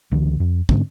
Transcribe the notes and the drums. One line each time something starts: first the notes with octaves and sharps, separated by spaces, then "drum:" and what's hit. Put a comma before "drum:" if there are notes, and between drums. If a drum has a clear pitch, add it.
C#2 D3 E3
F2
G#2 D3 C4 C#4, drum: kick